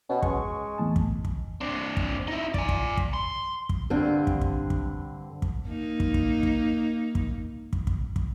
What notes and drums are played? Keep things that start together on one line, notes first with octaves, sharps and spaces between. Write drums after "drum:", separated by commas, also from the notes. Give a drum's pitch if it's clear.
B2 C#4
G#3 C#6, drum: kick
E2 A2 A5
drum: kick
drum: kick
C4 D4
drum: kick
D#4 E4
D5 G#5, drum: kick
drum: kick
drum: kick
C6
drum: kick
G2 D3 C4
drum: kick
drum: kick
drum: kick
drum: kick
A#3 D#4
drum: kick
drum: kick
drum: kick
drum: kick
drum: kick
drum: kick
drum: kick